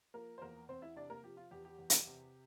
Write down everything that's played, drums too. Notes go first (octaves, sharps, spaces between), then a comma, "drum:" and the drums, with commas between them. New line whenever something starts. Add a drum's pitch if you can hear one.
F3 A#3 A#4
C5
E2 A#3 A#4
E2 C4 C5
E4 E5
C3 D4 D5
A#3 A#4
F3 G4
F4
E2 G4
G4
E2
drum: hi-hat
C3